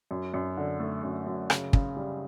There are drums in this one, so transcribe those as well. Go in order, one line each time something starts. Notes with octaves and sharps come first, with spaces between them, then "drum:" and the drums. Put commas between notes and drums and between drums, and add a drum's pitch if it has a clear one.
F#2
F#2
D3
A3
F#2
F#2
C#3, drum: rim click
C#3, drum: kick
G3